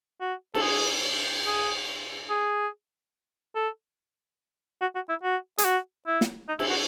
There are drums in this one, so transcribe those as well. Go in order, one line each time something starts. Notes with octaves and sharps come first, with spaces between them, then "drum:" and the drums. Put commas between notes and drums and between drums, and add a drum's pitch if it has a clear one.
F#4
A4, drum: cymbal
G#4
G#4
G#4
A4
F#4
F#4
E4
F#4
G#4, drum: hi-hat
F#4
E4
drum: snare
D#4
E4, drum: cymbal
F#4